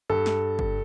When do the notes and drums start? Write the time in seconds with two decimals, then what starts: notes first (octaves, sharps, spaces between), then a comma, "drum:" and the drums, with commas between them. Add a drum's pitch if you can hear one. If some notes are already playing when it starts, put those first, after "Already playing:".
0.10 G2 A4
0.26 drum: snare
0.59 drum: kick